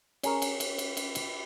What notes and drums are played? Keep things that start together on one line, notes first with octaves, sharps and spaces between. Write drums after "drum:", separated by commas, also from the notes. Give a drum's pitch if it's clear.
C#4 G#4 A#4, drum: cymbal
drum: cymbal
drum: cymbal
drum: cymbal
drum: cymbal
drum: cymbal